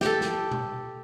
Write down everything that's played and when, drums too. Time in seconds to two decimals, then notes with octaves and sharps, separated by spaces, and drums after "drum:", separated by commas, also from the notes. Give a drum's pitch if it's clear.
0.01 G4 A4, drum: snare
0.21 drum: snare
0.51 drum: tom B2